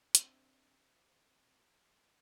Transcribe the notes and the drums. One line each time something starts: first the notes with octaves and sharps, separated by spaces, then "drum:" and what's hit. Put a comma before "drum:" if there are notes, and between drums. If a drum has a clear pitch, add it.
C4 D4 E5, drum: hi-hat